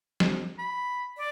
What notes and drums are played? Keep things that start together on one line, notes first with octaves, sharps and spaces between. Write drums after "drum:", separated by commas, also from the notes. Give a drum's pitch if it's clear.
drum: snare
B5
D5